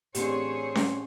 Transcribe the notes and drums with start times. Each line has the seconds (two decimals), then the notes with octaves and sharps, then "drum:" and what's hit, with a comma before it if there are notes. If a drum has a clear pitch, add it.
0.15 A1 C4 D4 G4 G#4 C5 C#5, drum: hi-hat
0.75 drum: snare C#4